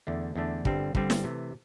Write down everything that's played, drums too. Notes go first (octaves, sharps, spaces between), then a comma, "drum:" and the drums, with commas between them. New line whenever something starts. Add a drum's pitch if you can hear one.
E2 D3 A3 D4
E2 D3 A3 D4
G1 G2 D3 G3 C4, drum: kick
G1 G2 D3 G3 C4, drum: kick
drum: snare
C3 E3 A3